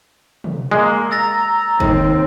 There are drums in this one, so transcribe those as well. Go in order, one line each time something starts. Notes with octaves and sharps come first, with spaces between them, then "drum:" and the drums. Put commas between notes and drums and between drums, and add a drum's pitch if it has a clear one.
drum: tom
G#3 A#3
A#5 E6 A6 A#6
D#2 C4, drum: kick